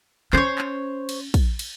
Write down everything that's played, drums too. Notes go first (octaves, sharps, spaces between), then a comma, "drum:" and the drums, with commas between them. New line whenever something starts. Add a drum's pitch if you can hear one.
C#4 C5 C#5, drum: clap
drum: clap
drum: cymbal
drum: kick, cymbal
drum: cymbal